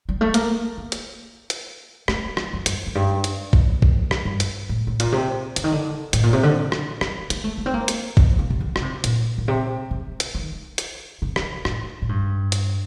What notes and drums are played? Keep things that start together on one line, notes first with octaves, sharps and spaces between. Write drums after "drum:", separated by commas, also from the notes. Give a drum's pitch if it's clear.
G3
A3
A#3, drum: hi-hat
A#3
drum: hi-hat
drum: hi-hat
A3, drum: rim click
drum: rim click
F2
G2, drum: hi-hat
F2
G2
drum: hi-hat
drum: kick
F2, drum: kick
drum: rim click
G2
drum: hi-hat
A2
A2
A#2, drum: hi-hat
C3
D3, drum: hi-hat
D#3
D3
A2, drum: hi-hat
A#2
C3
D3
drum: rim click
G3, drum: rim click
A#3, drum: hi-hat
A3
A#3
C4
A#3
drum: hi-hat
C4, drum: kick
A#3
C3
D3
D3, drum: rim click
C3
A#2, drum: hi-hat
A#2
C3
C3
drum: hi-hat
D#3
drum: hi-hat
C3
drum: rim click
A2, drum: rim click
A2
G2
drum: hi-hat